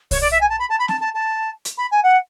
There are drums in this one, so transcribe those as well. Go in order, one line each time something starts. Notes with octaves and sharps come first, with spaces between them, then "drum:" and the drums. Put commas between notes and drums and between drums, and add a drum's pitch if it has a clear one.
C#5, drum: kick B1, open hi-hat
D5
E5
G#5
A5
B5
A5
B5
A5, drum: snare C4
A5
A5
drum: hi-hat
B5
G#5
F#5